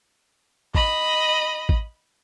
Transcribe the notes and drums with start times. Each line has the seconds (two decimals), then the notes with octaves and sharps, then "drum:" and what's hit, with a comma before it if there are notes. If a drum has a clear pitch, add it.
0.75 D#5 B5, drum: kick A1
1.69 drum: kick A1